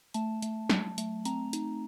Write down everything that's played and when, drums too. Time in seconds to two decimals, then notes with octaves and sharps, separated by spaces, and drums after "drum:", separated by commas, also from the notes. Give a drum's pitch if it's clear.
0.14 A3 A5, drum: hi-hat
0.42 A3, drum: hi-hat
0.70 F#3, drum: snare
0.98 A3, drum: hi-hat
1.25 C4 A#5, drum: hi-hat
1.53 D#4, drum: hi-hat